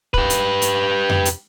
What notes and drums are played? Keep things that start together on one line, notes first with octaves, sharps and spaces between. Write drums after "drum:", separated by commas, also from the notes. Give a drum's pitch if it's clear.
G4 B4, drum: kick
drum: hi-hat
drum: hi-hat
drum: tom F2
drum: hi-hat